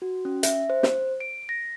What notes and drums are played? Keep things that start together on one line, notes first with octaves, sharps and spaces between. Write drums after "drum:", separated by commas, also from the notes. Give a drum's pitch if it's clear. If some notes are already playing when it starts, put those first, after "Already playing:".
F#4
C#4
E5, drum: hi-hat
C5
drum: snare
D7
A#6